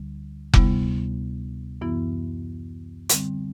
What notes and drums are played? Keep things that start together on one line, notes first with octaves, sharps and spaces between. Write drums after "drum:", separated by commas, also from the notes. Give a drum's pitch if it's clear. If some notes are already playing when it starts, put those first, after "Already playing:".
Already playing: D2 D3 G3
D2 C3 G3 B3 E4, drum: kick F1
F#2 E3 B3 E4
D3 G3 C4, drum: hi-hat